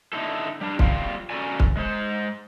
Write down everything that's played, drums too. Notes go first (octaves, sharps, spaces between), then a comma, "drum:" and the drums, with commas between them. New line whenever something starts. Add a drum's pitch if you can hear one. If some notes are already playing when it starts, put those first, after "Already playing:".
D3 D#4 E4 A4
G3 D4
G3 F4 F5 G5, drum: kick
C#4 F#4 A4 A#4 D5 G#5
drum: kick
G#3 C5